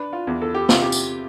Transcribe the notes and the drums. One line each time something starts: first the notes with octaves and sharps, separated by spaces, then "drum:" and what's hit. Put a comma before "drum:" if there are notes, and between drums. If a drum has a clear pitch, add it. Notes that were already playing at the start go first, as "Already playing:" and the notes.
Already playing: D4 B4
F4
E2
A4
G4
C3 F4, drum: snare
G4
drum: tambourine